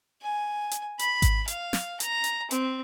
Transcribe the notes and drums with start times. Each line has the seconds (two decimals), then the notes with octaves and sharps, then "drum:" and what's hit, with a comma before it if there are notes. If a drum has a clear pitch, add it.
0.22 G#5
0.71 drum: hi-hat
0.99 B5, drum: hi-hat
1.22 drum: kick G#1, hi-hat
1.48 F5, drum: hi-hat
1.73 drum: snare
2.00 A#5, drum: hi-hat
2.24 drum: hi-hat
2.51 C4, drum: hi-hat